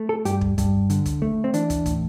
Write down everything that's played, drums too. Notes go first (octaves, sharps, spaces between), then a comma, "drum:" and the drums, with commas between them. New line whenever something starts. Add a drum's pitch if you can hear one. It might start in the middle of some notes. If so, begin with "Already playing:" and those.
Already playing: A3
A4
G2 G4, drum: hi-hat
drum: kick
G2, drum: kick, hi-hat
D3, drum: hi-hat
drum: kick, hi-hat
A3
C4
E3 D4, drum: hi-hat
drum: kick, hi-hat
A2, drum: kick, hi-hat